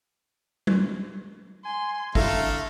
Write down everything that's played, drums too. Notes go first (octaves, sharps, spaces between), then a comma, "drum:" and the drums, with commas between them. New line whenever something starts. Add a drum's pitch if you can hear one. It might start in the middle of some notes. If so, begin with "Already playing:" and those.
drum: tom F#3
G#5 C6
D3 A3 E4 A4 E5 F5 A#5, drum: kick